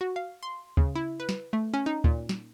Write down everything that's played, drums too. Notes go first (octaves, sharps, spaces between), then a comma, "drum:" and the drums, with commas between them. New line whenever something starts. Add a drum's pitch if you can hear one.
F#4
F5
C6
C#3, drum: kick D2
E4
B4
drum: snare
A3
C#4
D#4
A#2, drum: kick D2
drum: snare